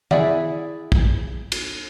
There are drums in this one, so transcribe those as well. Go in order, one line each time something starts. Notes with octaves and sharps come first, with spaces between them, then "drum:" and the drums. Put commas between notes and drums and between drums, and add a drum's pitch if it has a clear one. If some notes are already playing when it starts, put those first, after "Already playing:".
E4 G#4 D5 E5 F#5, drum: tom D#3
drum: kick
drum: cymbal